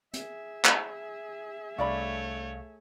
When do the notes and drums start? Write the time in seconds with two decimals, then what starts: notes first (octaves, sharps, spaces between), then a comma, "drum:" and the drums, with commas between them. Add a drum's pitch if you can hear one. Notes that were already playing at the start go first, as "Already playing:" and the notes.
0.13 G#4 E5, drum: hi-hat
0.65 drum: clap
1.78 C2 A3 D4 C#5 D5 F5 B5 C#6